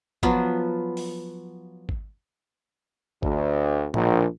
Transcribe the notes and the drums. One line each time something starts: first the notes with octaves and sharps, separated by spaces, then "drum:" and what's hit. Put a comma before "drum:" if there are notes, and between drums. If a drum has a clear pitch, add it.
F3 F#3 B3 F4, drum: kick G#1
drum: open hi-hat
drum: kick G#1
D2, drum: kick G#1
A#1, drum: tom A2